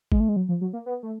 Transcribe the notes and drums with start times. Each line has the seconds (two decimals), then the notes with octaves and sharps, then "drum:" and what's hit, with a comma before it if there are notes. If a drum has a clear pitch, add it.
0.12 G#3, drum: kick
0.20 A3
0.29 G#3
0.36 F#3
0.49 F3
0.61 F#3
0.73 A#3
0.86 B3
1.03 A3